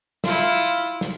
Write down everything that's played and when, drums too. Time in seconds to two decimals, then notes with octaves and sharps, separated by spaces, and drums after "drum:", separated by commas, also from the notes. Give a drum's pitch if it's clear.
0.24 E4 F4, drum: snare
1.01 drum: snare